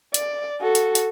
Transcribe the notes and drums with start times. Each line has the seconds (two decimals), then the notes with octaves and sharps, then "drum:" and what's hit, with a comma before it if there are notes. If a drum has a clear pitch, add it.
0.14 D5, drum: hi-hat
0.61 F#4 A4
0.75 drum: hi-hat
0.95 drum: hi-hat